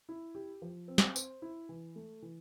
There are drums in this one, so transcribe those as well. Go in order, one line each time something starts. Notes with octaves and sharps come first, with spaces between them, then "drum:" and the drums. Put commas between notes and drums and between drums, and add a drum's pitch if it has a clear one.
E4
G4
F3
C4
drum: snare
C5, drum: tambourine
E4
E3
A3
E3